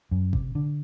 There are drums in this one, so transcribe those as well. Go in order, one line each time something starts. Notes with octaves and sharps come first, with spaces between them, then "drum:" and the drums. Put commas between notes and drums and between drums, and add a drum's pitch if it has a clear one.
F#2
C3, drum: kick G1
D3